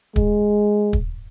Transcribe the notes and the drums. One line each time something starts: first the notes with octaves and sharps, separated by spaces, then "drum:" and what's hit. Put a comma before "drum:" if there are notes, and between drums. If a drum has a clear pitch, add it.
G#3, drum: kick
drum: kick